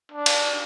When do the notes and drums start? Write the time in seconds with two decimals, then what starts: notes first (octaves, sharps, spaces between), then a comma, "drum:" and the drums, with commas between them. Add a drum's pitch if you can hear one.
0.12 D4
0.26 drum: cymbal